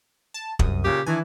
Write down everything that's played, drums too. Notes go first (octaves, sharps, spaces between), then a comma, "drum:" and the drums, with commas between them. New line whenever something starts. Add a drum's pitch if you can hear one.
A5
C2 F#2 D#6, drum: kick
A#2 C#3 G4
D#3 E3 D4 G#5